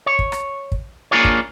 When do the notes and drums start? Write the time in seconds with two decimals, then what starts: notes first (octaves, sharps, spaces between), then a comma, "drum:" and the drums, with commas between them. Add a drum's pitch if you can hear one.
0.06 C#5
0.19 drum: kick
0.32 drum: rim click
0.72 drum: kick
1.11 A#3 D4 F4 G#4 C#5
1.24 drum: kick